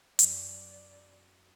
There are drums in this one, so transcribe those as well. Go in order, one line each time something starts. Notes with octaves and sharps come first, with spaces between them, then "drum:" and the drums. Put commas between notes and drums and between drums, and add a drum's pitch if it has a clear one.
F#2 F#3 D5, drum: hi-hat